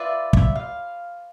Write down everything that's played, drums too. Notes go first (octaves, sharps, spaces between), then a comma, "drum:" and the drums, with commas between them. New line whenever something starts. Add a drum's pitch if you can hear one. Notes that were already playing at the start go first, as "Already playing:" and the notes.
Already playing: F4 B4 D5 E5
E5, drum: kick
F5